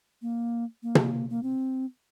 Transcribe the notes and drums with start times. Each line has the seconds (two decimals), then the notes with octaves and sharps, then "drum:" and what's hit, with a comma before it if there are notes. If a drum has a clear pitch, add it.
0.22 A#3
0.83 A#3
0.95 drum: tom
1.30 A#3
1.43 C4